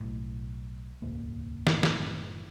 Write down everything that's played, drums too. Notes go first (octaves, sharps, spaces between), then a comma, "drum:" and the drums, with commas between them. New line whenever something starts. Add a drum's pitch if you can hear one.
B1 A2
D#1 C#2 G#2 A#3
F#1 A2, drum: snare
drum: snare